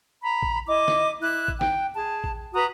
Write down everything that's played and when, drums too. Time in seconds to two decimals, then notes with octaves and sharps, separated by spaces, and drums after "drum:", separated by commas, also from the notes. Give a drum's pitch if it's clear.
0.22 A#5 B5
0.43 drum: kick A1
0.67 E4 D#5 D6
0.88 drum: snare
1.21 E4 F#6
1.48 drum: kick A1
1.61 G5, drum: snare
1.95 G#4 A5
2.24 drum: kick A1
2.54 F#4 B4 A#5 D#6